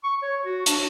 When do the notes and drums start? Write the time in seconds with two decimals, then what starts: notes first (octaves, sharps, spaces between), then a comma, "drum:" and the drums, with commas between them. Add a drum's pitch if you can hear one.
0.04 C#6
0.22 C#5
0.46 F#4
0.66 D4, drum: hi-hat